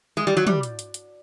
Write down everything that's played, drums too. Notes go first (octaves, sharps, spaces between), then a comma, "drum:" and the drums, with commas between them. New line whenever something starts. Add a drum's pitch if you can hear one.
G#3
G3
F#3
G3, drum: tom
drum: hi-hat
drum: hi-hat
drum: hi-hat